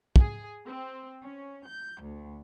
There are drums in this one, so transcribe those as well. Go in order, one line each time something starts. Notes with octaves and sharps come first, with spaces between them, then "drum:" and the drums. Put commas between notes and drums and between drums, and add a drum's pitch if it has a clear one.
G#4, drum: kick
C4
C#4
G6
D2